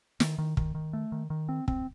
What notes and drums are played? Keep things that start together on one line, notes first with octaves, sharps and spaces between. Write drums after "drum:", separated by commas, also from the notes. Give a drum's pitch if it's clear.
D#3, drum: snare
D#3
D#3, drum: kick
D#3
A3
D#3
D#3
C4
C4, drum: kick